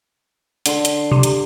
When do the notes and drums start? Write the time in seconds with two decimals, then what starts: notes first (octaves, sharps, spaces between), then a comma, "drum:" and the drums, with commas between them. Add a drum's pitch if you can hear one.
0.66 D3 C6, drum: hi-hat
0.85 drum: hi-hat
1.12 C3
1.23 drum: hi-hat